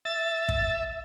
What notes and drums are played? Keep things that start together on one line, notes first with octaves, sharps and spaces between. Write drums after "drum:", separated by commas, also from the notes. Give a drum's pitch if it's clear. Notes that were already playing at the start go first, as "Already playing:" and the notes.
E5 A6
drum: kick